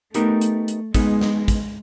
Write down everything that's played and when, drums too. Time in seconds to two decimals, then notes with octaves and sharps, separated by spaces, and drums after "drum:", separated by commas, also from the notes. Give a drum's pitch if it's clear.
0.14 A3 B3 D#4 G4 A#4, drum: hi-hat
0.41 drum: hi-hat
0.68 drum: hi-hat
0.94 G#3 B3 D#4 G#4, drum: kick, hi-hat
1.21 drum: snare
1.48 drum: kick, hi-hat